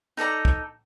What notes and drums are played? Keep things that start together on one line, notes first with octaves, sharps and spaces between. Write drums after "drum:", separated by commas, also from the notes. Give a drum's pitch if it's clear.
D#4 A4 D5 A#5
drum: kick